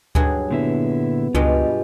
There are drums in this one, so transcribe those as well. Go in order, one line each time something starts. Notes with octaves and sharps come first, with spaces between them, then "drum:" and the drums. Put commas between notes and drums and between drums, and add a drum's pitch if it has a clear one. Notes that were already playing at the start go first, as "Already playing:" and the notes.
G2 F#3 G#4, drum: kick D2
A#2 D3 B3 E4
C#2 G2 B2 G#3 F4 G4